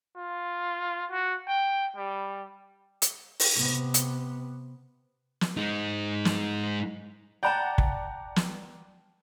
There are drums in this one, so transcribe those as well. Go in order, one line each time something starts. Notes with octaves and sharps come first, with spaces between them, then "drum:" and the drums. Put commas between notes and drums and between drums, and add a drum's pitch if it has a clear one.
F4
F#4
G5
G3
drum: hi-hat
drum: open hi-hat
C3 B3
drum: hi-hat
drum: snare
G#3 D#4
drum: snare
D5 F#5 G5 A5 A#5
drum: kick
drum: snare